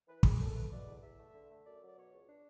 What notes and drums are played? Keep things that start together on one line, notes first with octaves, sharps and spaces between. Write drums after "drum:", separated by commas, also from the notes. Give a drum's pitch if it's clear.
E3 B4
F#2 G#4, drum: kick
F#2 A4
A3 B4
B2 D5
E2
E2 E5
A3
D3
A3
F#2 D5
F#3 D5
B2 C#5
C#2
D4